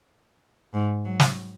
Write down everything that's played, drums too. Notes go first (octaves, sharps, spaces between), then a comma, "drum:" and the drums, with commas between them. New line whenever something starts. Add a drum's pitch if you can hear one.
G#2
F#3
drum: snare